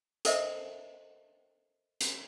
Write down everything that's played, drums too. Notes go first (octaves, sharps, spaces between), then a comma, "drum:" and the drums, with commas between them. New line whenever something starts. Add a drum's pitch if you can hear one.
A4 A#4 C5 D#5 E5, drum: hi-hat
drum: hi-hat